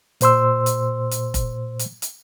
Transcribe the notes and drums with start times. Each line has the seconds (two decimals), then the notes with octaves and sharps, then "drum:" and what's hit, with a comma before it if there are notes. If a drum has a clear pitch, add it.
0.21 A#2 C5 C6 E6, drum: hi-hat
0.66 drum: hi-hat
1.11 drum: hi-hat
1.34 drum: kick F1, hi-hat
1.79 drum: hi-hat
2.02 drum: hi-hat